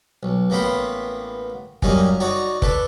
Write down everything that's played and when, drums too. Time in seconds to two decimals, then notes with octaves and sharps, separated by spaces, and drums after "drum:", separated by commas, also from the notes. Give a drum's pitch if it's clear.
0.23 B1
0.50 A1 A#3 B3 G5 B5 C6
1.82 F#2 G3 A#3 D#4 G#5, drum: kick
2.20 D#4 F#4 C#5 D5
2.62 D4 A4 B4, drum: kick